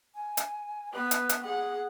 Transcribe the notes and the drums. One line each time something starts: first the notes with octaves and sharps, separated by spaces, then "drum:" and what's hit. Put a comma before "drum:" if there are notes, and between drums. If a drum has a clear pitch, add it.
G#5
drum: hi-hat
B3 B4
drum: hi-hat
drum: hi-hat
G#4 F#5